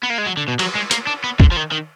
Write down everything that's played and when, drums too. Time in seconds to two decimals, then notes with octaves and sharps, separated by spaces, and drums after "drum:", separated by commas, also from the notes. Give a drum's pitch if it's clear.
0.03 B3
0.10 A#3
0.18 G#3
0.26 F#3
0.37 D3
0.48 B2
0.59 F#3, drum: cymbal
0.75 G#3
0.91 A#3, drum: hi-hat
1.07 D4
1.24 B3
1.40 D3, drum: kick G1
1.52 F3
1.57 D#3
1.72 D#3